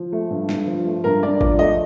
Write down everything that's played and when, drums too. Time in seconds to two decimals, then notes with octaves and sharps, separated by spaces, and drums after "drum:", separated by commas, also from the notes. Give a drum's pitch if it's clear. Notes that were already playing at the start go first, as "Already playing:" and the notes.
Already playing: F3
0.12 A3
0.30 G2
0.49 G2, drum: snare
0.67 F3
0.86 A3
1.04 G2 A#4
1.23 G2 D5
1.41 F3 D5, drum: kick G#1
1.59 A3 D#5